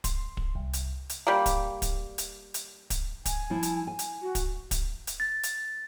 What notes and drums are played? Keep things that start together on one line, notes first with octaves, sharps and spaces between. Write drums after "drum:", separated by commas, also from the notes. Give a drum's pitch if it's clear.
C6, drum: kick, hi-hat
drum: kick
C2
drum: hi-hat
drum: hi-hat
G3 A#3
drum: kick, hi-hat
drum: kick, hi-hat
drum: hi-hat
drum: hi-hat
drum: kick, hi-hat
G#5, drum: kick, hi-hat
F3 E4
drum: hi-hat
G#5
drum: hi-hat
F#4
drum: kick, hi-hat
drum: kick, hi-hat
drum: hi-hat
A6
drum: hi-hat